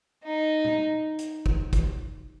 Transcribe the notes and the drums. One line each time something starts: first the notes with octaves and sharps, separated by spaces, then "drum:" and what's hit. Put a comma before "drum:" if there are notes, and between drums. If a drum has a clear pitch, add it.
D#4
drum: tom A#2
drum: hi-hat
drum: kick
drum: kick, hi-hat